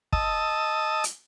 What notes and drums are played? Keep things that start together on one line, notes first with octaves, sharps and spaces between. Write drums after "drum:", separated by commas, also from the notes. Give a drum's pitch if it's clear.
D#5 A5 D#6 E6, drum: kick
drum: hi-hat